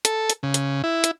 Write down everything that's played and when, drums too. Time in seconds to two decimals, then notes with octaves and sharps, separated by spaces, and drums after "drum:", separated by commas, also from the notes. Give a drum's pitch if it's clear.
0.05 A4, drum: hi-hat
0.30 drum: hi-hat
0.43 C#3
0.54 drum: hi-hat
0.84 E4
1.04 drum: hi-hat